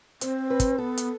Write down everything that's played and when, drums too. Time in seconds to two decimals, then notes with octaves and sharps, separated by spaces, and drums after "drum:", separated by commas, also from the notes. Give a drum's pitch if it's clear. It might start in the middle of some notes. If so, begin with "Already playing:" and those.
0.21 C4 C5, drum: hi-hat
0.50 B4
0.60 drum: kick, hi-hat
0.78 B3 A4
0.97 drum: hi-hat